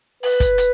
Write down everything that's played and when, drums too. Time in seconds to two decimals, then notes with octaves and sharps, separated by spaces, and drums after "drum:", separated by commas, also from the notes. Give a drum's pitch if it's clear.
0.23 B4, drum: open hi-hat
0.40 drum: kick, hi-hat
0.58 drum: hi-hat